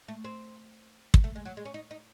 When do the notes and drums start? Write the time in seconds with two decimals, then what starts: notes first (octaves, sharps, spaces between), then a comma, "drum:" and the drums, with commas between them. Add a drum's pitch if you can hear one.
0.08 A3
0.25 C4
1.14 drum: kick
1.24 A3
1.35 G#3
1.45 F#3
1.57 G#3
1.65 C#4
1.74 D#4
1.91 D#4